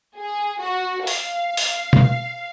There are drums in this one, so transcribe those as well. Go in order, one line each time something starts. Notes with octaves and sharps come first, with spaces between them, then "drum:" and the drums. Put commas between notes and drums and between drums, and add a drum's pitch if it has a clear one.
G#4
F#4
F5, drum: open hi-hat
drum: open hi-hat
drum: tom B2